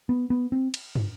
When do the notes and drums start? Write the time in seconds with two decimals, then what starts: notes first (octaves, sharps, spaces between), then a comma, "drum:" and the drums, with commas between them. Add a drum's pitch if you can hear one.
0.09 B3
0.30 B3
0.52 C4
0.74 drum: cymbal
0.95 drum: tom